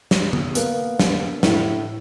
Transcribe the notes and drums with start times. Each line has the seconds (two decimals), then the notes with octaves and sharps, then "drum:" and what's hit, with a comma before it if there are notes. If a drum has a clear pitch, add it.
0.11 drum: snare
0.33 drum: tom D3
0.55 A#3 B3, drum: hi-hat
0.99 drum: snare
1.43 A2, drum: snare